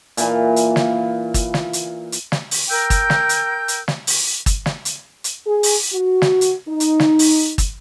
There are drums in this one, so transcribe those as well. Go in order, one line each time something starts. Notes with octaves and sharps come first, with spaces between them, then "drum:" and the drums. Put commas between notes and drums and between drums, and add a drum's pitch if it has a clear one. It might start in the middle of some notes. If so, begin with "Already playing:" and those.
A#2 E3, drum: hi-hat
drum: hi-hat
drum: snare
drum: kick, hi-hat
drum: snare
drum: hi-hat
drum: hi-hat
drum: snare
drum: open hi-hat
A#4 G5 E6 G6
drum: kick, hi-hat
drum: snare
drum: hi-hat
drum: hi-hat
drum: snare
drum: open hi-hat
drum: kick, hi-hat
drum: snare
drum: hi-hat
drum: hi-hat
G#4
drum: open hi-hat
F#4
drum: snare
drum: hi-hat
D#4
drum: hi-hat
drum: snare
drum: open hi-hat
drum: kick, hi-hat